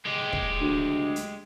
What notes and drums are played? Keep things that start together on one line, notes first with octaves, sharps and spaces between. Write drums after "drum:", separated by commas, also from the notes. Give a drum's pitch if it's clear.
G#3 G4
drum: kick
D2
drum: hi-hat